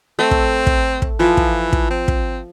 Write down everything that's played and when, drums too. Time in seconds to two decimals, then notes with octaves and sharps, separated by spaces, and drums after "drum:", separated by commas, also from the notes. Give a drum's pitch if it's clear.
0.19 A3 C4
0.31 drum: kick
0.67 drum: kick
1.02 drum: kick
1.20 E3 F3
1.37 drum: kick
1.73 drum: kick
1.90 C4
2.08 drum: kick